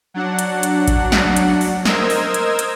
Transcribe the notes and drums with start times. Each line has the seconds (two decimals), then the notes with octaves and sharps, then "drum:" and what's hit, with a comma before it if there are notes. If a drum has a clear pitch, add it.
0.14 F#3 D4 F#5
0.39 drum: hi-hat
0.63 drum: hi-hat
0.88 drum: kick A1, hi-hat
1.12 drum: snare
1.36 drum: hi-hat
1.61 drum: open hi-hat
1.85 A#4 C5 D#5 E6 G#6, drum: snare
2.10 drum: open hi-hat
2.34 drum: hi-hat
2.59 drum: hi-hat